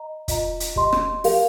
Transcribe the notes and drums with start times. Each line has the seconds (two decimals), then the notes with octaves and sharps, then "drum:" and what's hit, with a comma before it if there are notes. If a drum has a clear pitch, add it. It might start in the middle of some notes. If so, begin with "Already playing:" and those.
Already playing: D#5 A#5
0.28 F4 D#5 A#5, drum: kick, hi-hat
0.60 drum: hi-hat
0.76 G4 D#5 C6, drum: kick
0.93 drum: rim click
1.24 G4 A#4 F5, drum: open hi-hat